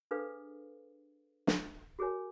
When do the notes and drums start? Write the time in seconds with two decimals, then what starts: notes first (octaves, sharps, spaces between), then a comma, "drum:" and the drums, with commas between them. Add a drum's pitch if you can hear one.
0.11 D4 G#4 A4 B4 C5 F5
1.47 drum: snare
1.99 F#4 G#4 A#4 C#5 G#5